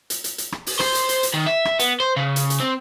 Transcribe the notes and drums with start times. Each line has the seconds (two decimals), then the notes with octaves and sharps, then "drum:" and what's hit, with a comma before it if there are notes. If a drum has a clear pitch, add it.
0.10 drum: hi-hat
0.24 drum: hi-hat
0.38 drum: hi-hat
0.52 drum: rim click
0.66 drum: open hi-hat
0.80 C5, drum: rim click
0.95 drum: hi-hat
1.09 drum: hi-hat
1.23 drum: hi-hat
1.34 D#3
1.46 E5
1.65 drum: rim click
1.79 B3, drum: hi-hat
2.00 C5
2.17 C#3
2.36 drum: hi-hat
2.50 drum: hi-hat
2.60 C4